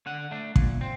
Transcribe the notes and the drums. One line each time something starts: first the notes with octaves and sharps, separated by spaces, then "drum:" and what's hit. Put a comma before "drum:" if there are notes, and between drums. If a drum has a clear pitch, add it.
D3 F#5
A3 D4
A#2, drum: kick
C4